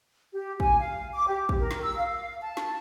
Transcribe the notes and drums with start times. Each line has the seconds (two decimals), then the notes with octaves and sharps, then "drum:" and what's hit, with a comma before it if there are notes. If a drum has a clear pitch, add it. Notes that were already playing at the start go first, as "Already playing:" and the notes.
0.34 G4
0.60 G#5, drum: kick
0.80 F5
1.13 D6
1.28 G4
1.49 drum: kick
1.59 A#4
1.71 drum: snare
1.83 E6
1.97 F5
2.42 A5
2.57 drum: snare